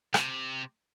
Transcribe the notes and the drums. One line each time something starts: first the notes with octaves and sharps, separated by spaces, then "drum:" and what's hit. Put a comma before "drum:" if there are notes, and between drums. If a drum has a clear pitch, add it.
C3, drum: rim click